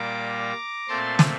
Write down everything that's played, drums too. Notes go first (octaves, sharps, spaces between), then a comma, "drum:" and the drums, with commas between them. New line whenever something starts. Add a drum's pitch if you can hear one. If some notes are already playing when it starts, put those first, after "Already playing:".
Already playing: A#2 G3 A#3 A#5 D6
A#2 A3 C4 A5 C6
drum: snare